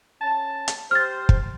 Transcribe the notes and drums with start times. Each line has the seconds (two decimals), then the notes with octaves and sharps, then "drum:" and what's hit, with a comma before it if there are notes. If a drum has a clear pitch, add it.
0.22 C#4 A5
0.68 drum: hi-hat
0.91 G4 C5 F6 A6
1.29 drum: kick